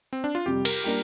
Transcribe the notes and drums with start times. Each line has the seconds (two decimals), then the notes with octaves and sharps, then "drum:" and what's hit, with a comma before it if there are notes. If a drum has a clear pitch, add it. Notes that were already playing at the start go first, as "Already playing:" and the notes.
0.13 C4
0.24 D4
0.35 F4
0.46 F2 C3 G3 G4
0.65 A#4, drum: cymbal
0.84 G3 A#3 D4 G4